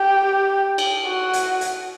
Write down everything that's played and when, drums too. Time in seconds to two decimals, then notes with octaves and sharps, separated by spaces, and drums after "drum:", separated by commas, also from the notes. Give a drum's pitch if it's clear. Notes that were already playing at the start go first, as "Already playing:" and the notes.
Already playing: G4
0.78 drum: cymbal
1.05 F#4
1.33 drum: hi-hat
1.61 drum: hi-hat